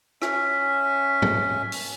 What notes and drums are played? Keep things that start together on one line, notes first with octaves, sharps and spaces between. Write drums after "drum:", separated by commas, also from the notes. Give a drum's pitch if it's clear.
C#4 E5, drum: rim click
drum: tom G#2
drum: open hi-hat